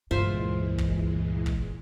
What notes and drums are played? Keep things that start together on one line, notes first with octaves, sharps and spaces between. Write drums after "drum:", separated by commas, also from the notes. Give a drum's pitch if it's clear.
C#2 G2 A#2 E3 G#3 F4 C5 E5
drum: kick
drum: kick